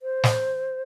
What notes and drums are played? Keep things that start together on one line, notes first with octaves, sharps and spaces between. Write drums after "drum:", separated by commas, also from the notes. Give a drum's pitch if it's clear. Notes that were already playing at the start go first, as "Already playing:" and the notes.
C5
drum: snare